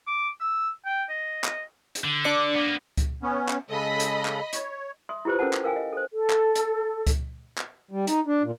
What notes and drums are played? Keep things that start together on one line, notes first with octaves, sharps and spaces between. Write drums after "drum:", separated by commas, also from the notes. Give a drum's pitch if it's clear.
D6
E6
G5
D#5
D#5, drum: clap
drum: hi-hat
D3
D4 D5 C#7
A#3 B3
drum: kick C#2, hi-hat
B3 C#4
drum: clap
C#3 G#3 A4 D#5 B5
drum: hi-hat
drum: clap
C#5, drum: hi-hat
E5 C6 D#6
E4 F4 G4 B4 C5
C#4 A4 A#4 C5 F#5 A5
drum: clap
A4 A#4 F5 G5 G#5
D#5
A4 C5
A4
drum: clap
drum: hi-hat
drum: kick C#2, hi-hat
drum: clap
G3
D#4, drum: hi-hat
D4
A#2